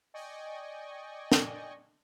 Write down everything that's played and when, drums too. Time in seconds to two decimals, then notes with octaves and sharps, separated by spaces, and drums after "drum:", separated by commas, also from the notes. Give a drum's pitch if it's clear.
0.14 D5 D#5 G5 G#5 C#6
1.32 drum: snare